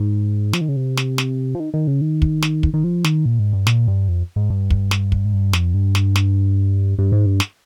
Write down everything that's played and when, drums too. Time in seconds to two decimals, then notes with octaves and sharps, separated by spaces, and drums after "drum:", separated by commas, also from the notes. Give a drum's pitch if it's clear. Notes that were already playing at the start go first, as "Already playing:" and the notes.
Already playing: G#2
0.53 F3, drum: snare
0.61 D#3
0.69 C#3
0.76 C3
0.97 drum: snare
1.18 drum: snare
1.55 F3
1.60 D#3
1.74 D#3
1.87 C#3
2.01 D#3
2.22 drum: kick
2.42 drum: snare
2.63 drum: kick
2.74 D#3
2.84 F3
3.04 D#3, drum: snare
3.25 A#2
3.39 G#2
3.53 G2
3.67 A#2, drum: snare
3.88 G2
4.09 F2
4.36 G#2
4.50 G2
4.70 drum: kick
4.91 drum: snare
5.12 drum: kick
5.25 G#2
5.33 G2
5.53 F2, drum: snare
5.74 G2
5.95 drum: snare
6.16 drum: snare
6.99 G2
7.12 G#2
7.26 G2
7.40 drum: snare